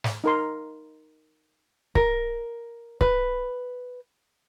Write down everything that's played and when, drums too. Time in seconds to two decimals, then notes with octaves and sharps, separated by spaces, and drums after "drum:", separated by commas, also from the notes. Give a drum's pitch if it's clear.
0.04 drum: snare
0.24 D#4 A#4 C6
1.95 A#4, drum: kick C#1
3.01 B4, drum: kick C#1